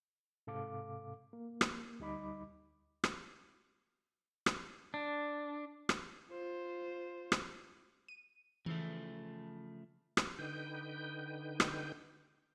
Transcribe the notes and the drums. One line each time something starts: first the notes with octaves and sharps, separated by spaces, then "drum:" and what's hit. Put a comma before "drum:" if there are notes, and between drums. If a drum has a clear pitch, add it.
G#2 C3 A4 F5 D6
A#3
drum: rim click
D2 G3 D#4 D#5 B5 D6
drum: rim click
drum: rim click
D4
drum: rim click
F4 C5
drum: rim click
D#7
C#3 E3 F3 A3
drum: rim click
D3 D#4 B4 G5 G6
drum: rim click